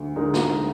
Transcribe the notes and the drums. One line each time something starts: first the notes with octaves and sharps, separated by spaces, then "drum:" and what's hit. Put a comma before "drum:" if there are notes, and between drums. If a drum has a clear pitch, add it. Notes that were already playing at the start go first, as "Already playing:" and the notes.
Already playing: D2
D3 G#3 D#4 A#4
drum: snare